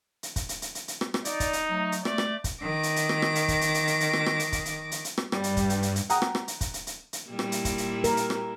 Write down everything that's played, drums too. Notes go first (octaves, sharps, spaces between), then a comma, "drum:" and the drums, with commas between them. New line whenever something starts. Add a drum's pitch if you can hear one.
drum: hi-hat
drum: kick, hi-hat
drum: hi-hat
drum: hi-hat
drum: hi-hat
drum: hi-hat
drum: rim click
drum: rim click
D#4 D5, drum: hi-hat
drum: kick, hi-hat
drum: hi-hat
F#3 A3
drum: hi-hat
A3 D5, drum: rim click
drum: rim click
drum: kick, hi-hat
D#3 D6 A#6
drum: hi-hat
drum: hi-hat
drum: rim click
drum: rim click
drum: hi-hat
drum: kick, hi-hat
drum: hi-hat
drum: hi-hat
drum: hi-hat
drum: hi-hat
drum: rim click
drum: rim click
drum: hi-hat
drum: kick, hi-hat
drum: hi-hat
drum: hi-hat
drum: hi-hat
drum: rim click
G2 G3, drum: rim click
drum: hi-hat
drum: kick, hi-hat
drum: hi-hat
drum: hi-hat
drum: hi-hat
F#5 G5 A#5 D#6, drum: hi-hat
drum: rim click
drum: rim click
drum: hi-hat
drum: kick, hi-hat
drum: hi-hat
drum: hi-hat
drum: hi-hat
A#2 G3 E4
drum: rim click
drum: hi-hat
drum: kick, hi-hat
drum: hi-hat
A#4, drum: hi-hat
drum: hi-hat
drum: rim click